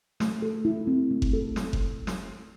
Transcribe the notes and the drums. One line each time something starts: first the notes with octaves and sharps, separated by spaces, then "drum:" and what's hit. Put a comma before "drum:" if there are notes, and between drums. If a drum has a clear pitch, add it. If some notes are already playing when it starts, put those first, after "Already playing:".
A3, drum: snare
A4
E4
C4
A3
drum: kick F#1
A4
drum: snare
drum: kick F#1
drum: snare